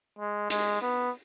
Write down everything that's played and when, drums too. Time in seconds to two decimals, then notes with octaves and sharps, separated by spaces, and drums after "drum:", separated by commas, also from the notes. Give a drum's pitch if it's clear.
0.19 G#3
0.50 G#3, drum: hi-hat
0.82 B3